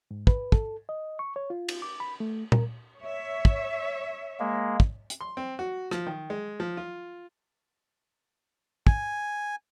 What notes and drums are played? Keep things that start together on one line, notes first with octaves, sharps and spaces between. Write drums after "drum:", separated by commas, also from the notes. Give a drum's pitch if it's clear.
G#2
B4, drum: kick
A4, drum: kick
D#5
C#6
C#5
F4
drum: cymbal
D6
B5
A3
A#4, drum: tom A#2
C#5 E5
drum: kick
G#3 A#3
drum: kick
drum: hi-hat
C6
C4
F#4
F3, drum: rim click
D#3
G#3
F3
F4
G#5, drum: kick